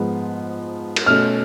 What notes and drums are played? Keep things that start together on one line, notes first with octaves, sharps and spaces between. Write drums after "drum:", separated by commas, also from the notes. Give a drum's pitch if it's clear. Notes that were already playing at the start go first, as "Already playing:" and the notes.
Already playing: G#2 F3 G#3 B3
drum: cymbal
B2 A3 C#4 F6